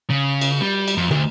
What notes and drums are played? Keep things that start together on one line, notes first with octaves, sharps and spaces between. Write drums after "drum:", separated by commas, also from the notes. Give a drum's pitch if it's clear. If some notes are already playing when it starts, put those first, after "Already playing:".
C#3
drum: cymbal
G3
drum: cymbal
F2
D2, drum: tom